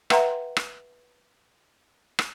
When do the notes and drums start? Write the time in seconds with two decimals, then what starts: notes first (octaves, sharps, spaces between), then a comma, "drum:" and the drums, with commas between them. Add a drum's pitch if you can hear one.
0.10 B4 E5 F#5 G5 A#5 C6, drum: rim click
0.57 drum: rim click
2.19 drum: rim click